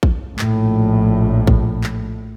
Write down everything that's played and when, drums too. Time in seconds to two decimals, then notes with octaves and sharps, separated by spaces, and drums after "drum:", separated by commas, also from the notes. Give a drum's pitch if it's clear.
0.03 drum: kick
0.39 A#1 A2, drum: clap
1.47 drum: kick
1.84 drum: clap